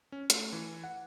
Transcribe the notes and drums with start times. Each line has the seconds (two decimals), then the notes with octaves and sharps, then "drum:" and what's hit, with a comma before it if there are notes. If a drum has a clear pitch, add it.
0.12 C#4
0.30 A3, drum: hi-hat
0.52 E3
0.84 F#5